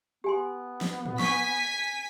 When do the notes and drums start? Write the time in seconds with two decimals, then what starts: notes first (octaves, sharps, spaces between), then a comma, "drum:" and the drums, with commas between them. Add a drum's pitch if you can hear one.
0.24 B3 G4 G#5 C6
0.81 drum: snare
1.06 drum: tom
1.19 G#5 C#6 B6, drum: snare